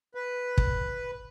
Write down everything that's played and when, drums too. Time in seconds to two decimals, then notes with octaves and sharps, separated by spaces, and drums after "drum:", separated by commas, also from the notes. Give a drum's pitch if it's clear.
0.15 B4
0.58 drum: kick